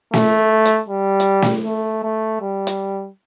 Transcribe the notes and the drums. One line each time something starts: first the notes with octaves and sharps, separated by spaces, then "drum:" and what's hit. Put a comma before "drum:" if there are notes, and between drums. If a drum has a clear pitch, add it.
A3, drum: snare
drum: hi-hat
G3
drum: hi-hat
drum: snare
A3
A3
G3
drum: hi-hat